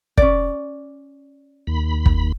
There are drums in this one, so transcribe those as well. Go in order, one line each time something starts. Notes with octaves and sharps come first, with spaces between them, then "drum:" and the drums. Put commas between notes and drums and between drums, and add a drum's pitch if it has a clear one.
C#4 D5, drum: kick
D#2 B5
drum: kick